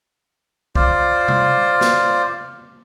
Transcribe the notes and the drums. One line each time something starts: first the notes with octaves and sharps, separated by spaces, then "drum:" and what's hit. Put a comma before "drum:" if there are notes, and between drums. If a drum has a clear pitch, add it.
F4 C5 D5, drum: kick
drum: tom C3
drum: snare